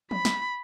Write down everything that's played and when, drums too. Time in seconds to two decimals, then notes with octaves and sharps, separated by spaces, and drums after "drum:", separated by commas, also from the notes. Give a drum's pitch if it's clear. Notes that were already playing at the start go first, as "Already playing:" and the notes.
0.11 B5, drum: tom
0.25 drum: snare